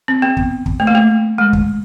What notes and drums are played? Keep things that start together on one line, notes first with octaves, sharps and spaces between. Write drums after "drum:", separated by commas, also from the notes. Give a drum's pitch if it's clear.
C4
B3
drum: kick
drum: kick
A3
A#3
A3
G#3
drum: kick